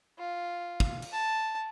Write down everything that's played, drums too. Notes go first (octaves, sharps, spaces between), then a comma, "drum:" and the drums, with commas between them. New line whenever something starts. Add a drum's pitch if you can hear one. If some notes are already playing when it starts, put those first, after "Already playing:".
F4
drum: kick
drum: cymbal
A5